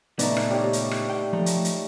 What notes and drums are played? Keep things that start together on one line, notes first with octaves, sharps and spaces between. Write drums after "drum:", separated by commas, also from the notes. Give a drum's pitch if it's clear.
A#2 C#3 A3 B3 D#4 D5, drum: hi-hat
drum: rim click
G3 C#5
drum: hi-hat
drum: rim click
G5
F3 A3 A#5
drum: hi-hat
drum: hi-hat